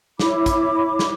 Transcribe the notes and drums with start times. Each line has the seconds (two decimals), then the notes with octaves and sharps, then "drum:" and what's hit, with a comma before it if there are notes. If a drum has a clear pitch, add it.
0.19 E4 C#5 B5 D6, drum: snare
0.46 drum: kick, hi-hat
0.99 drum: snare